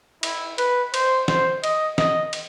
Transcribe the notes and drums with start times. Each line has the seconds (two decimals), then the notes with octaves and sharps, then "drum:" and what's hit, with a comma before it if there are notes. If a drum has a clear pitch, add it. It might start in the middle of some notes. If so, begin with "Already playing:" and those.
0.23 E4, drum: cymbal
0.58 B4, drum: cymbal
0.94 C5, drum: cymbal
1.28 C5, drum: snare
1.64 D#5, drum: cymbal
1.98 D#5, drum: snare
2.33 drum: cymbal